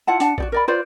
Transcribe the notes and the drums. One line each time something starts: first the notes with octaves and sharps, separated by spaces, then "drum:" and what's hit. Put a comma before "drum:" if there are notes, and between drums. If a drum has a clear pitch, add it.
E4 F4 F#5 A5
D4 F#5 A5, drum: hi-hat
F#4 G4 D5, drum: kick A#1
A#4 D5 B5
F4 B4 C5 D5